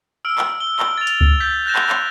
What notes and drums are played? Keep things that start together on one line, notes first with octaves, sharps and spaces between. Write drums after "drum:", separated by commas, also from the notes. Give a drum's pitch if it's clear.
E6 F6 D7
drum: clap
G7
drum: clap
A6 F7
drum: hi-hat
drum: kick C#2
G6 A6 B6
F#6 G6 A#6 E7
drum: clap
drum: clap